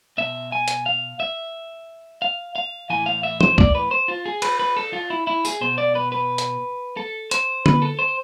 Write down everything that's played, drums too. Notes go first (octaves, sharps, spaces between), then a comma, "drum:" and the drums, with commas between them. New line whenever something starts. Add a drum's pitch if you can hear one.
B2 E5
G#5
drum: hi-hat
F5
E5
F5
F5
A2 E3 G#5
F5
E5
C5, drum: tom
D5, drum: kick C2
B4
C5
F4
G#4
B4, drum: cymbal
B4
A4
F4
E4
E4
G#4, drum: tambourine
B2 C5
D5
B4
B4
drum: hi-hat
A4
C5, drum: hi-hat
B4, drum: tom D3
A4
C5